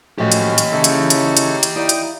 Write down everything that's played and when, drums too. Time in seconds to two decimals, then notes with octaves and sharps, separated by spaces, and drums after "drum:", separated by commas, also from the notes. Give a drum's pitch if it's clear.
0.18 A2 F3 F#3 C#4 F#4 G4 D#5
0.32 drum: hi-hat
0.58 drum: hi-hat
0.72 C#3 E3 D#4 A4 C#5
0.84 drum: hi-hat
1.10 drum: hi-hat
1.37 drum: hi-hat
1.63 drum: hi-hat
1.76 D#4 E4 D5 F5 G5 D#6
1.89 drum: hi-hat